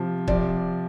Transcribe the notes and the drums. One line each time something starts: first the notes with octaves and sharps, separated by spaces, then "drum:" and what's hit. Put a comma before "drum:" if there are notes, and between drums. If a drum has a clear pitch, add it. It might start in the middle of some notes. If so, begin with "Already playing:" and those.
Already playing: C3 F3
C3 F3 D5, drum: kick